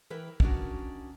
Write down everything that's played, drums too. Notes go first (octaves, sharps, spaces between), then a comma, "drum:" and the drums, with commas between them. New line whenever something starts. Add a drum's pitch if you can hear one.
E3 A#4 B4 G5
D#3 C#4 D4 F#4, drum: kick